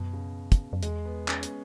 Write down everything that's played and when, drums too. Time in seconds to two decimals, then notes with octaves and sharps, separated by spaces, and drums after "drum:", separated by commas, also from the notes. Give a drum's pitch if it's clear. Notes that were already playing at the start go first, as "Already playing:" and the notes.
Already playing: F#2 B2
0.13 C#3
0.52 drum: kick, hi-hat
0.73 F#2
0.83 E2 G#3, drum: hi-hat
1.05 B3
1.28 C#4, drum: clap
1.43 B3, drum: hi-hat